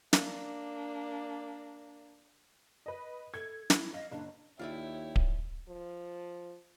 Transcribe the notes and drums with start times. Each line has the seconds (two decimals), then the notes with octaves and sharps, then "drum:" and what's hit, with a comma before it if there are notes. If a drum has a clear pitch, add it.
0.13 A#3 D4, drum: snare
2.86 B4 D#5
3.34 A4 G#6
3.70 E4, drum: snare
3.94 D#5 F5
4.11 F#1 D4
4.59 D#2 E4 F4 C#5 D5 E5 G5
5.16 drum: kick D1
5.69 F3